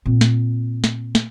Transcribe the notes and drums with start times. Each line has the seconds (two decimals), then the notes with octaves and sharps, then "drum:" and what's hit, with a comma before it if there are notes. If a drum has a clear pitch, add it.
0.06 A#2 C4
0.21 drum: snare
0.84 drum: snare
1.15 drum: snare